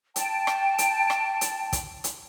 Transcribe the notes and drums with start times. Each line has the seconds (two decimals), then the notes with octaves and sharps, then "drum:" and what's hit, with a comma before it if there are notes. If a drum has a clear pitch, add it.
0.16 G5 A5, drum: hi-hat
0.47 drum: rim click
0.78 drum: hi-hat
1.10 drum: rim click
1.41 drum: hi-hat
1.73 drum: kick, hi-hat
2.04 drum: hi-hat